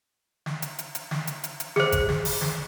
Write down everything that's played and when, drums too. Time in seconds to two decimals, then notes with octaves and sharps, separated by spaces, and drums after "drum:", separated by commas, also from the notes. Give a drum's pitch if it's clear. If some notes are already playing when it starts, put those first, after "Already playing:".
0.46 drum: snare
0.62 drum: hi-hat
0.79 drum: hi-hat
0.95 drum: hi-hat
1.11 drum: snare
1.27 drum: hi-hat
1.44 drum: hi-hat
1.60 drum: hi-hat
1.76 G#4 C5, drum: snare
1.92 drum: kick G#1, hi-hat
2.09 drum: snare
2.25 drum: open hi-hat
2.41 drum: snare